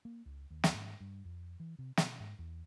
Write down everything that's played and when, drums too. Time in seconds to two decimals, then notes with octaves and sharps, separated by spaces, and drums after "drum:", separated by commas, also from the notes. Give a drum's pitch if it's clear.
0.05 A#3
0.26 C#2
0.50 D#2
0.64 drum: snare
0.74 G#2
1.00 G2
1.25 F2
1.60 E3
1.79 C3
1.97 B2, drum: snare
2.20 G#2
2.39 E2